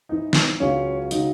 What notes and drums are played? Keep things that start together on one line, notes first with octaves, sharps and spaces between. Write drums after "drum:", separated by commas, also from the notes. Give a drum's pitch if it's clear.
G#2 E3 D#4
drum: snare
C#2 C#3 F#3 C#4
C#3 F#3 D#4, drum: hi-hat